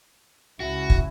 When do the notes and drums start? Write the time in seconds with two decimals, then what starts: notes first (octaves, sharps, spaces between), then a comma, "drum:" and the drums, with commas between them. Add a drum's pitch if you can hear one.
0.60 C#2 E4 F#4
0.90 drum: kick